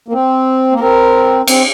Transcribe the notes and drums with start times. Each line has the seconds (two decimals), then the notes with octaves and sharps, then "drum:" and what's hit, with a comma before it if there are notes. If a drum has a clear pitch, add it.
0.08 A#3
0.13 C4
0.72 A#3
0.81 C4 A#4
1.47 C4, drum: cymbal